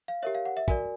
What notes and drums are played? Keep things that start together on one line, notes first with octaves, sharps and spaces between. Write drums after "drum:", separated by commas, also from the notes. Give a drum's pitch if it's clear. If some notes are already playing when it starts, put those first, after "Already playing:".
F5
G4 A#4 C#5 E5
F5
F#5
E5
F#4 A#4 D5 G#5, drum: kick, hi-hat